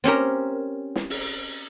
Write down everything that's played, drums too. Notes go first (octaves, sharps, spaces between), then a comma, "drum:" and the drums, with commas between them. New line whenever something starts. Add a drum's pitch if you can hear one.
C4 C#4 G4 A#4
drum: snare
drum: open hi-hat